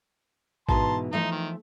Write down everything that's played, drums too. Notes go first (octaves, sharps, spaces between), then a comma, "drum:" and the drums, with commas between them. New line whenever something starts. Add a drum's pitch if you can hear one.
G#2 B2 E3 A5 A#5 C6, drum: kick A1
E3 F3 A3 D#4
D#3